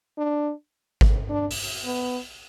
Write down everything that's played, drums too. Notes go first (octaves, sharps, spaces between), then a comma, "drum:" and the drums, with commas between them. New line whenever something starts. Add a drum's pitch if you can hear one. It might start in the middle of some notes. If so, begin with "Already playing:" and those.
D4
drum: kick G#1
D4
drum: open hi-hat
B3